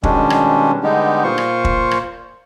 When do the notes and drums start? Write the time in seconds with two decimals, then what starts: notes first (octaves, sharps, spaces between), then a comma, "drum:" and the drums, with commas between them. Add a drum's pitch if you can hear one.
0.03 B2 D#3 G3 G#3 C#4 D4, drum: kick
0.30 drum: rim click
0.83 D3 G3 G#3 B3 D#4 G4
1.24 A#2 F4 C5 C#6
1.38 drum: rim click
1.65 drum: kick
1.91 drum: rim click